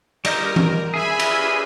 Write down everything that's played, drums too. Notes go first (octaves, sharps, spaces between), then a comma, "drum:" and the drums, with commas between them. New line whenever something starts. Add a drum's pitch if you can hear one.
G3 A#4 D#5 G6, drum: cymbal
drum: tom E3
G#4 E5 G#5 B5
drum: cymbal